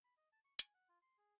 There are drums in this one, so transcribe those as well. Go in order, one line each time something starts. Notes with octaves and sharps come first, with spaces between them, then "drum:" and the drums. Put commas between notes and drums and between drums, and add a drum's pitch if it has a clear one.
B5
D#5
A5
C#6
G#5, drum: hi-hat
F#5
F4
C6
G#4